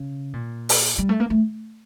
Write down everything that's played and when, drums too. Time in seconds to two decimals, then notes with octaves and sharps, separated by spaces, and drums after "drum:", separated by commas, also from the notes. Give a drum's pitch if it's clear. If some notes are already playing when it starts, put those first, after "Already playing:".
Already playing: C#3
0.33 A#2
0.69 drum: open hi-hat
0.98 G3
1.09 A3
1.20 A#3
1.30 A3